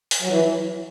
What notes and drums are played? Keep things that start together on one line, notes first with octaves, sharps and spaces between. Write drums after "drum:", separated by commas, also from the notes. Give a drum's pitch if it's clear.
drum: open hi-hat
F#3
E3